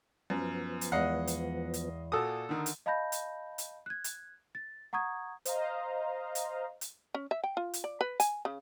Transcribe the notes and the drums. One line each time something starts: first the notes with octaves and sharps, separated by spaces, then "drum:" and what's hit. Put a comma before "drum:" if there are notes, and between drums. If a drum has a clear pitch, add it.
F#2 F3 B3
drum: hi-hat
E2 G#3 D#5 F5 F#5 C7
drum: hi-hat
drum: hi-hat
A#2 F#4 A4 D#6
D3 D#3
drum: hi-hat
D#5 F5 A5 B5 G6 A#6
drum: hi-hat
drum: hi-hat
F#6 G#6
drum: hi-hat
A6
F#5 A#5 C#6 D#6 G#6
C5 D#5 F5 A#5, drum: hi-hat
drum: hi-hat
drum: hi-hat
C#4
E5
G5
F4
drum: hi-hat
D5
B4
G#5, drum: hi-hat
C#3